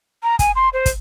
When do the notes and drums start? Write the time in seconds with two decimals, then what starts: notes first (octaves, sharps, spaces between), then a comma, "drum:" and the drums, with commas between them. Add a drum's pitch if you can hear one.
0.23 A#5
0.39 G#5, drum: kick, hi-hat
0.56 C6
0.73 C5
0.86 drum: kick, hi-hat